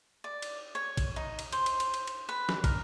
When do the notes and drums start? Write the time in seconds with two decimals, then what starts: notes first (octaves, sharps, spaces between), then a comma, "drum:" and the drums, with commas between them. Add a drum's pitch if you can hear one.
0.24 D5
0.42 drum: cymbal
0.75 C#5
0.97 drum: kick, cymbal
1.16 D#4
1.39 drum: cymbal
1.52 C5, drum: cymbal
1.66 drum: cymbal
1.80 drum: cymbal
1.94 drum: cymbal
2.07 drum: cymbal
2.29 B4
2.49 drum: snare
2.64 A#4, drum: kick, cymbal